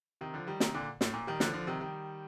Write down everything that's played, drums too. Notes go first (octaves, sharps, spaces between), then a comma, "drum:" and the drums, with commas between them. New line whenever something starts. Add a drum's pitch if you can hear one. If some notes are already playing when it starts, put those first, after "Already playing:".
C3 D#3
D3 F3
D#3 G3
C3 D#3, drum: snare
A#2 D3
A2, drum: snare
A#2
D#3 G3
D3 F3, drum: snare
D3 F3
C3 D#3
D#3 G3